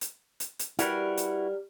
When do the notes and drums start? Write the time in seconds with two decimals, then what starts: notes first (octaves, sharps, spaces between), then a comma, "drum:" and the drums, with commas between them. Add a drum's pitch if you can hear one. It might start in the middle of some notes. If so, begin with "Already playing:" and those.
0.01 drum: hi-hat
0.40 drum: hi-hat
0.59 drum: hi-hat
0.79 G3 E4 F#4 A#4 B4, drum: hi-hat
1.17 drum: hi-hat